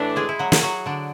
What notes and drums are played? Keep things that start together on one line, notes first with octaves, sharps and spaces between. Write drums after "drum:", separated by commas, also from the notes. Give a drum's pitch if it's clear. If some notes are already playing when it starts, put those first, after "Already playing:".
Already playing: A2 E3 A3 D4
G#3 G#4
E4
F#3 F#4
G#4, drum: snare
F#3 F#4
D3 D4